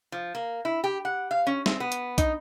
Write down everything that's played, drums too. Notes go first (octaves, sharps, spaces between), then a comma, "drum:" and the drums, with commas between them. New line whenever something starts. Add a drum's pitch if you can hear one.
F3
A#3
E4
G4
F#5
F5
C#4
C4, drum: snare
B3
drum: hi-hat
D#4, drum: kick, hi-hat